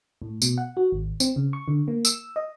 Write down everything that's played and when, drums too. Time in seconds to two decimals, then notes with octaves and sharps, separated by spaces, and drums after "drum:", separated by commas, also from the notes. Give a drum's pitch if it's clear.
0.22 A2
0.42 B2, drum: tambourine
0.58 F#5
0.77 F#4
0.92 G#1
1.20 C4, drum: tambourine
1.36 C#3
1.53 C#6
1.68 D3
1.88 A#3
2.05 E6, drum: tambourine
2.36 D#5